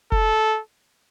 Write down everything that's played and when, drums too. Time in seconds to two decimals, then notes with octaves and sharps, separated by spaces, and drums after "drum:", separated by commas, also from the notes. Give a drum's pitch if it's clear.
0.12 A4, drum: kick F1